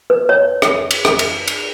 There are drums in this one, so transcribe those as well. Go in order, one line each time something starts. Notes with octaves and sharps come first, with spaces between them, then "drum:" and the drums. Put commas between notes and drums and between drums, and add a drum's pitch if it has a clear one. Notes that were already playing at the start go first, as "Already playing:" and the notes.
B4
C#5
drum: rim click
drum: cymbal
drum: rim click
drum: cymbal
drum: cymbal